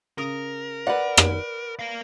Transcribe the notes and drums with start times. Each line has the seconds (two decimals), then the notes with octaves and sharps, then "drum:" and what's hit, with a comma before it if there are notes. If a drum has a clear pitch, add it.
0.18 C#3 A#4 D#6
0.87 B4 D5 F#5
1.17 drum: rim click
1.79 A#4 F5